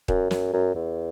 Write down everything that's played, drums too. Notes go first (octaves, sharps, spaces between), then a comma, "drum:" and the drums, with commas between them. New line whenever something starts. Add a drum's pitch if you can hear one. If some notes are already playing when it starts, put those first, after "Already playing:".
F#2, drum: kick D#1
F#2, drum: snare
F#2
E2